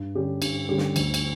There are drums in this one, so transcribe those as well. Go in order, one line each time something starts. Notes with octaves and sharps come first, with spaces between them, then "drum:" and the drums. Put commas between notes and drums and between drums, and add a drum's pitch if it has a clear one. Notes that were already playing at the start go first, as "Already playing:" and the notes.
Already playing: G2
D3 G3 C#4 G4
G2, drum: cymbal
D3 G3 C#4 G4
drum: snare
D2, drum: cymbal
drum: cymbal